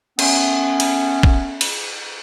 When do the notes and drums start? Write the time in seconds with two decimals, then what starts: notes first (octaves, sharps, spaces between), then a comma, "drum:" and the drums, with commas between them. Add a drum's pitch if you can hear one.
0.19 A3 B3 C#4, drum: cymbal
0.80 drum: cymbal
1.23 drum: kick
1.61 drum: cymbal